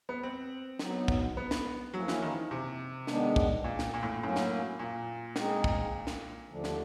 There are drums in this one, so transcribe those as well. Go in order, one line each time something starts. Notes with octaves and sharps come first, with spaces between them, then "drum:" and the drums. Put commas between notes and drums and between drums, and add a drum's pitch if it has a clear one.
B3
C4
F#3 B3 D#4, drum: snare
drum: kick
B3
drum: snare
F3 F#3 A#3 C#4 E4
E3, drum: snare
D#3
C3
D#3 G#3 B3 D4, drum: snare
drum: kick
A#2
drum: snare
A#2
A2
A2 F#3 A#3 C#4
drum: snare
A#2
G#3 C4 D#4 G#4, drum: snare
drum: kick
drum: snare
D#2 D3 F3 A3 D4
drum: snare